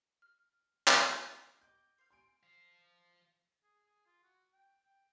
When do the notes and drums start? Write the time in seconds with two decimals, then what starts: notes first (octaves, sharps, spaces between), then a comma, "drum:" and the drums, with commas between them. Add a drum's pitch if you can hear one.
0.22 F6
0.88 drum: clap
1.62 D#5 G5 D6 G6
1.98 C5 F5
2.11 F4 G#5 C6 D7
2.43 C5 F5
3.63 G#4
3.85 G#4
4.06 F4
4.23 F#4
4.53 G5
4.85 G5